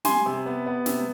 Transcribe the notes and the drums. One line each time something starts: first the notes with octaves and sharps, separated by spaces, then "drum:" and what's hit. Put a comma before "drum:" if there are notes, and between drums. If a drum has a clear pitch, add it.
G3 G#5 C6, drum: snare
C3
B3
B3
C3, drum: snare